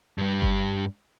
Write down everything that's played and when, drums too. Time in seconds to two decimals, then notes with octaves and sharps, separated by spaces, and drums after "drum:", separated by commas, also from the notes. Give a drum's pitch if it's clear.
0.18 G2 G3
0.42 drum: kick G1